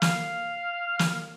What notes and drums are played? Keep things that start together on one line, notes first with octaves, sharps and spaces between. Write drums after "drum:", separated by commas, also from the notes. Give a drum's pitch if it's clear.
F5, drum: snare
drum: snare